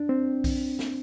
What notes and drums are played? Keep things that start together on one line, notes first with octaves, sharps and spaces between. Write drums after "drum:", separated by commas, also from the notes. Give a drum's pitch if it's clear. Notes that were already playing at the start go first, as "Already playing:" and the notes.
Already playing: D4
C4
drum: kick B1, open hi-hat
drum: snare